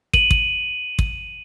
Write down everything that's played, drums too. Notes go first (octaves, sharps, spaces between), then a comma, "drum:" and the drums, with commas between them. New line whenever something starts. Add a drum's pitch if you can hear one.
D#7 F#7, drum: kick
drum: kick
drum: kick